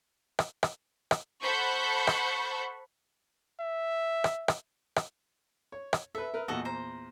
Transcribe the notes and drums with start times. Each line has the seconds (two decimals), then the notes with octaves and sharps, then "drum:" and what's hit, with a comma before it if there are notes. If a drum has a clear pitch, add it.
0.39 drum: rim click
0.63 drum: rim click
1.11 drum: rim click
1.42 A4 C5 F#5 B5 C#6 G6
2.07 drum: rim click
3.60 E5
4.24 drum: rim click
4.48 drum: rim click
4.96 drum: rim click
5.72 C#5
5.93 drum: rim click
6.15 A4 B4 E5
6.34 A#4 B4
6.48 E2 A#2 F#4 A4 D#5
6.65 C5 A#5